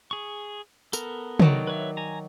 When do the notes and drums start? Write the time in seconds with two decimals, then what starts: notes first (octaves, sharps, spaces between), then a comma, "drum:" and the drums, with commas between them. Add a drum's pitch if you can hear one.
0.11 G#4 C#6
0.93 B3 A4 A#4, drum: tambourine
1.40 D#3 F#3 D5, drum: tom
1.67 B4 C#5 E5
1.97 G#5 A#5